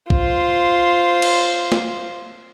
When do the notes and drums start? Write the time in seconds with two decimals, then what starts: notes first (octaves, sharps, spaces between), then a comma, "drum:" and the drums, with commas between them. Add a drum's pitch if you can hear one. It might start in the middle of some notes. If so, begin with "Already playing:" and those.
0.10 F4 C5, drum: kick
1.22 drum: cymbal
1.72 drum: snare